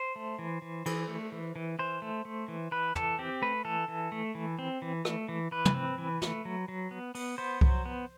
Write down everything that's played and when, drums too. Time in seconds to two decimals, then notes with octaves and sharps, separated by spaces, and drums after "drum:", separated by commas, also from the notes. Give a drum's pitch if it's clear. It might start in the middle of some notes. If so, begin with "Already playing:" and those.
Already playing: C5
0.16 A3
0.39 E3
0.62 E3
0.86 E3, drum: cymbal
1.08 A3
1.32 E3
1.56 E3
1.79 E3 C5
2.02 A3
2.25 A3
2.48 E3
2.72 E3 B4
2.95 E3 A4, drum: tom
3.19 C4 G4
3.42 A3 B4
3.65 E3 A4
3.88 E3
4.12 A3
4.35 E3
4.59 C4
4.82 E3
5.05 A3, drum: rim click
5.29 E3
5.51 E3 B4
5.65 drum: tom
5.74 C4
5.98 E3
6.22 A3, drum: snare
6.45 F#3
6.68 F#3
6.91 B3
7.15 B3, drum: open hi-hat
7.38 B3 C5
7.61 F#3, drum: kick C2
7.85 B3